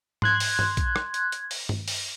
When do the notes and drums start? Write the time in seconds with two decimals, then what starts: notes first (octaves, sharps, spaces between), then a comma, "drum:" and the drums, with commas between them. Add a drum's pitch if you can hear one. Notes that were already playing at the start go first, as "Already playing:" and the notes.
0.22 C6 F#6 G#6, drum: tom G#2
0.40 drum: open hi-hat
0.59 drum: tom G2
0.77 drum: kick, hi-hat
0.96 drum: rim click
1.14 drum: hi-hat
1.32 drum: hi-hat
1.51 drum: open hi-hat
1.69 drum: tom G2
1.88 drum: open hi-hat